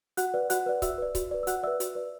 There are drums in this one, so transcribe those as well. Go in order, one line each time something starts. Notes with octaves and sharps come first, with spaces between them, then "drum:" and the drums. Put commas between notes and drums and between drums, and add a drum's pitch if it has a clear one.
F#4 F#5 F#6, drum: hi-hat
B4 D5
F#4 F#5 F#6, drum: hi-hat
B4 D5
F#4 E5 E6, drum: kick C#1, hi-hat
B4 D5
F#4, drum: kick C#1, hi-hat
B4 D5
E6
F#4 F#5 F#6, drum: hi-hat
B4 D5 E5 E6
F#4, drum: hi-hat
B4 D5